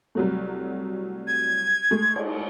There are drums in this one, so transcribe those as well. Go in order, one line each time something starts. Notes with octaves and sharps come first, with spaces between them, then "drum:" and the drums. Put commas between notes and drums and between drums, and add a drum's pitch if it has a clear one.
C2 F#3 A3
G#6
G#3 A3
drum: cymbal